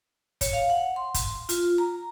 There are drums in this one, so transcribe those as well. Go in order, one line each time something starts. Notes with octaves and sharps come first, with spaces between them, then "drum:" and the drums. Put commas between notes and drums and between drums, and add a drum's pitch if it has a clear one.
C#5, drum: kick, hi-hat
F5
F#5
C6
drum: kick, hi-hat
F4, drum: hi-hat
A#5